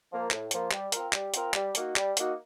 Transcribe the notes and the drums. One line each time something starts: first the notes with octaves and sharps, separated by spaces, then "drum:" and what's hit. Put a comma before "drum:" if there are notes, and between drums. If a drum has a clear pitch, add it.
F3 A#3
A2, drum: clap
F3 A#3, drum: hi-hat
G3, drum: clap
C4 F4 A#4, drum: hi-hat
G3, drum: clap
C4 F4 A#4, drum: hi-hat
G3, drum: clap
A#3 D#4 F#4, drum: hi-hat
G3, drum: clap
A#3 D#4 F#4, drum: hi-hat